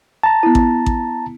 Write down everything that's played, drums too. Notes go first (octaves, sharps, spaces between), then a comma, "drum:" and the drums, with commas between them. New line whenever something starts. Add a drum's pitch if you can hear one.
A5 A#5
B3 E4
drum: kick A1
drum: kick A1